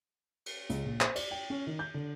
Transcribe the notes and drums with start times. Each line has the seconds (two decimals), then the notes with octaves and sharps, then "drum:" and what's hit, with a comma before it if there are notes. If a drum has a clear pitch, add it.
0.46 drum: cymbal
0.69 C#2, drum: hi-hat
0.84 A#1
1.01 C5, drum: clap
1.16 D5, drum: cymbal
1.31 G5
1.50 C#4
1.67 D#3
1.79 G6
1.94 D3